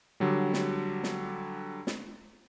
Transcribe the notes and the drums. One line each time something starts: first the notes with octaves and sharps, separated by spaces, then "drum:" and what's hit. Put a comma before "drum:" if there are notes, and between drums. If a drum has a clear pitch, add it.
D3 F#3 G3
drum: snare
drum: snare
drum: snare